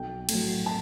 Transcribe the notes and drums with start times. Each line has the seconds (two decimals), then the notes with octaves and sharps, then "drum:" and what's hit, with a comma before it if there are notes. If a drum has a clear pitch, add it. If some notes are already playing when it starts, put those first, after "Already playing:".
Already playing: B1 G5
0.29 A2 F#3, drum: cymbal
0.66 A5